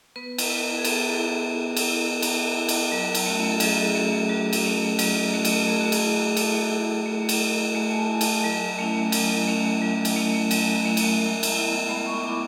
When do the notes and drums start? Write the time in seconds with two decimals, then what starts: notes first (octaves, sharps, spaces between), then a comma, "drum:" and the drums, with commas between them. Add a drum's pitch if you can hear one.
0.16 B3 B4
0.38 drum: cymbal
0.50 E4 B4
0.78 G#4
0.84 B3 A4, drum: cymbal
1.19 E4
1.54 B3
1.77 drum: cymbal
1.88 E4
2.22 B3, drum: cymbal
2.57 E4
2.69 drum: cymbal
2.92 F#3
3.15 drum: cymbal
3.26 A3 C#4 F#4
3.52 A4
3.60 F#3 G#4, drum: cymbal
3.95 A3 C#4 F#4
4.29 F#3 F#4
4.53 drum: cymbal
4.64 A3 C#4 F#4
4.99 F#3, drum: cymbal
5.33 A3 C#4 F#4
5.45 drum: cymbal
5.67 A3 G#4
5.80 F#4
5.92 G#4, drum: cymbal
6.02 E4
6.37 A3 A4, drum: cymbal
6.71 E4
7.06 A3
7.29 drum: cymbal
7.41 E4
7.74 A3 G#5
7.83 A5
7.91 G#5
8.10 E4
8.21 drum: cymbal
8.44 F#3
8.79 A3 C#4 E4
9.12 F#3 G#5, drum: cymbal
9.47 A3 C#4 E4
9.82 F#3
10.05 drum: cymbal
10.16 A3 C#4 E4
10.51 F#3 G#5, drum: cymbal
10.85 A3 C#4 E4
10.97 drum: cymbal
11.20 G#3
11.43 drum: cymbal
11.55 B3 E4
11.89 G#3 B5
12.06 C#6
12.23 B3 E4 D6